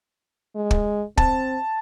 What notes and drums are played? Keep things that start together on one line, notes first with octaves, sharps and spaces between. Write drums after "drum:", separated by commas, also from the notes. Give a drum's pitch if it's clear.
G#3
drum: kick
C4 A5, drum: kick